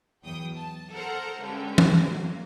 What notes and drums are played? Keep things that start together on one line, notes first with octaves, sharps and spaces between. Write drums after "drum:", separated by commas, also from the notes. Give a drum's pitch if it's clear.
E2 F#3 G5 D#6
A5
A4 A#4 C5 F#5 A#5
G2 D3 G#3 C#4 G5
drum: tom E3
F#3 A#3